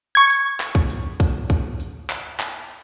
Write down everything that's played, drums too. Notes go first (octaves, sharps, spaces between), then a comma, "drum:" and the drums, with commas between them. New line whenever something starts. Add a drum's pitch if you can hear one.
C#6 G#6
drum: hi-hat
drum: clap
drum: kick
drum: hi-hat
drum: kick, hi-hat
drum: kick, hi-hat
drum: hi-hat
drum: clap
drum: clap